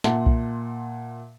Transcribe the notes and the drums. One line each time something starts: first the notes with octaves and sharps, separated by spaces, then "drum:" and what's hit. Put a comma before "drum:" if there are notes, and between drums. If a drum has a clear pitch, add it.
A#2 E5 F#5 A5 C6, drum: snare
drum: kick B1